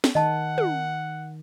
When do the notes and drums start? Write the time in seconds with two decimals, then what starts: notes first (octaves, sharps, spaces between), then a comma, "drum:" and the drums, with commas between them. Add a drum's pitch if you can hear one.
0.04 drum: snare
0.15 D#3 D#5 F#5 A5
0.58 drum: tom